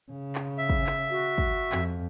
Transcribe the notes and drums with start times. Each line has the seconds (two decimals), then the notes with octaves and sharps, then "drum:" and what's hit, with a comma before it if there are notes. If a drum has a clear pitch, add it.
0.12 C#3
0.35 drum: clap
0.58 E5
0.70 drum: kick
0.87 drum: clap
1.10 F#4
1.38 drum: kick
1.72 F2, drum: clap